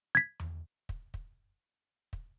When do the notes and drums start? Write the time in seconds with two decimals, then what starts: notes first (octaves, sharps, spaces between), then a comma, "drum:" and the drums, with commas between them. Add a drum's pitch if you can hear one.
0.15 G#6 B6
0.40 drum: tom E2
0.89 drum: kick
1.14 drum: kick
2.13 drum: kick